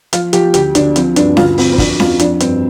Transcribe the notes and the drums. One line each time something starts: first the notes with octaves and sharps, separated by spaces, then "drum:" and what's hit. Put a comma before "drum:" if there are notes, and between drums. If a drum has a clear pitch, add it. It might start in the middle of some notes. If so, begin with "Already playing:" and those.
F3 F4, drum: hi-hat
F3 G4, drum: hi-hat
D2 G4, drum: hi-hat
D2 D4, drum: hi-hat
F3 C4, drum: hi-hat
G2 D4, drum: hi-hat
D2 F4, drum: snare C#4
D2 C4, drum: open hi-hat
C4
F2 D4, drum: kick, open hi-hat
F2 F4, drum: snare C#4
F3 D4, drum: hi-hat
G2 C4, drum: hi-hat